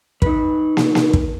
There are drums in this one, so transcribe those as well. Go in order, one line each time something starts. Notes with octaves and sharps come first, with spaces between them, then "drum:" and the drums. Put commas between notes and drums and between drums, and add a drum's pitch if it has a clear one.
D#4 B4, drum: kick
drum: snare
drum: snare
drum: kick